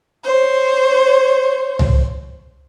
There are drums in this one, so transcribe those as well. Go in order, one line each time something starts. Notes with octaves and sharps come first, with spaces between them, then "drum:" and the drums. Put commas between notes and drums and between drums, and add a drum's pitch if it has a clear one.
C5 C#5
drum: tom